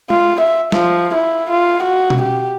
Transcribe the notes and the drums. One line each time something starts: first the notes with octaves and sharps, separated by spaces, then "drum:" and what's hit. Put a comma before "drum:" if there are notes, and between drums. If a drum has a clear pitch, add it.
F4, drum: tom G#3
E5
F3, drum: snare
E4
F4
F#4
drum: tom B2
G4